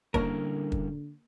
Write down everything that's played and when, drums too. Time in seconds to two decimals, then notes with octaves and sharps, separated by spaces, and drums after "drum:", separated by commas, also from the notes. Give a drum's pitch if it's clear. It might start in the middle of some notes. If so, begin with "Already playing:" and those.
0.14 D3 G3 A#3 C#4 E4 A#4 C#5 A5, drum: kick
0.72 drum: kick